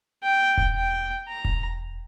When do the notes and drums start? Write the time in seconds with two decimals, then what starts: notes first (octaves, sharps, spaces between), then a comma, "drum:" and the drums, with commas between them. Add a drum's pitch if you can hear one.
0.23 G5
0.58 drum: kick E1
0.75 G5
1.28 A#5
1.45 drum: kick E1